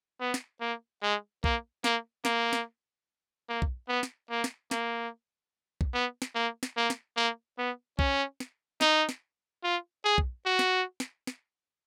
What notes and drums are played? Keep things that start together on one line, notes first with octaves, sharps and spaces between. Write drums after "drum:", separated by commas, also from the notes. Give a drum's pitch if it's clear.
B3
drum: snare
A#3
G#3
A#3, drum: kick B1
A#3, drum: snare
A#3, drum: snare
drum: snare
A#3
drum: kick B1
B3
drum: snare
A#3
drum: snare
A#3, drum: snare
drum: kick B1
B3
drum: snare
A#3
drum: snare
A#3
drum: snare
A#3
B3
C#4, drum: kick B1
drum: snare
D#4, drum: snare
drum: snare
F4
G#4
drum: kick B1
F#4
drum: snare
drum: snare
drum: snare